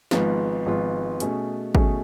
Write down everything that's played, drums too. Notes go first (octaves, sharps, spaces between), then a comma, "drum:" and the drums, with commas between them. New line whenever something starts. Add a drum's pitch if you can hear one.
G#1 G#2 F3 B3 F4, drum: snare
G#1 G#2 F3 B3 F4
B2 A3 C#4 G#4, drum: hi-hat
B2 A3 C#4 G#4, drum: kick